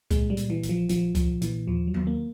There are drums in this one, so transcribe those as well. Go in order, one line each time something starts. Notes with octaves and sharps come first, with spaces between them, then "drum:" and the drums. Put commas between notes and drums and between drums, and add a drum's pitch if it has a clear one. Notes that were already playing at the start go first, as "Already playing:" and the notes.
A#2 G#3, drum: kick C#2, hi-hat
G3
A#2, drum: hi-hat
E3
A#1, drum: hi-hat
F3
A#1 F3, drum: hi-hat
A#1 F3, drum: kick C#2, hi-hat
A#2 E3, drum: hi-hat
D#2 F3
F#3
D#2, drum: tom D#3
A#3